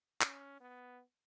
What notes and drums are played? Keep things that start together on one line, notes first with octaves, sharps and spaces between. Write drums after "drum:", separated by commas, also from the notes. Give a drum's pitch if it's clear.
C#4, drum: clap
B3